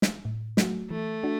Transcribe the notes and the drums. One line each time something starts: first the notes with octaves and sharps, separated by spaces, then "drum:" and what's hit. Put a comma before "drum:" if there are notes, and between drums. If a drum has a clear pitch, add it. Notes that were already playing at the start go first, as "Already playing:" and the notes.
drum: snare
A2
F#3 A3 F#4, drum: snare
E3 A3
D4 F#4